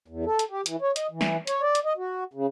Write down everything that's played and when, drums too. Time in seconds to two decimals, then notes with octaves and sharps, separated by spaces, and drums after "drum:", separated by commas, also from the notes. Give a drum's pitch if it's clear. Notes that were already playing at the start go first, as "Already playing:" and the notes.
0.08 E2
0.26 A4
0.39 drum: hi-hat
0.50 G4
0.66 E3, drum: hi-hat
0.81 C#5
0.96 D#5, drum: hi-hat
1.11 E3
1.21 drum: snare
1.47 C#5, drum: hi-hat
1.62 D5
1.75 drum: hi-hat
1.85 D#5
1.97 F#4
2.34 C#3